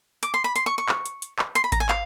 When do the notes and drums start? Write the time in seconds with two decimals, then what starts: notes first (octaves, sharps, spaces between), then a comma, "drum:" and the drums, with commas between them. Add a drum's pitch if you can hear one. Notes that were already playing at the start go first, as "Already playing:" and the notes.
0.23 D6, drum: hi-hat
0.34 C6
0.44 B5
0.56 C6, drum: hi-hat
0.66 C#6
0.78 C#6
0.89 drum: clap
1.06 drum: hi-hat
1.22 drum: hi-hat
1.39 drum: clap
1.55 C6, drum: hi-hat
1.64 B5
1.72 A#5, drum: kick G#1, hi-hat
1.80 G#5
1.89 F5, drum: clap